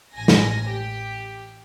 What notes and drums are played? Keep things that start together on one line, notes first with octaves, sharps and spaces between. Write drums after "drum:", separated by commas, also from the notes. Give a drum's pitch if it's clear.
A1 G#5 A#6
drum: snare
G4